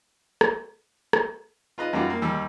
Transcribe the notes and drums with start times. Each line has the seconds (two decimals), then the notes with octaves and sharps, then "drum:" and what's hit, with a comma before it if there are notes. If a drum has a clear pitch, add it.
0.41 drum: rim click
1.13 drum: rim click
1.78 F4 B4 D#5
1.93 F#2 G3 F4 F#4
2.10 A#3
2.22 D#2 G3 E6